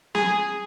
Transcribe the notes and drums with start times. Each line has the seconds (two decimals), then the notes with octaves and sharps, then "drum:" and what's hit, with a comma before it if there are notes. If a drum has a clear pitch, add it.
0.15 G#4, drum: snare